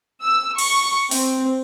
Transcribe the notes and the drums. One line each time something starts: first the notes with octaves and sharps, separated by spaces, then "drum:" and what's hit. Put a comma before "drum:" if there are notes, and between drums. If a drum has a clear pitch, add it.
E6
C#6, drum: cymbal
C4, drum: open hi-hat